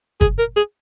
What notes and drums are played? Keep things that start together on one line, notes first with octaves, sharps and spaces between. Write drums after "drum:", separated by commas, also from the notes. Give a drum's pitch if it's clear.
G#4, drum: kick
A#4
G#4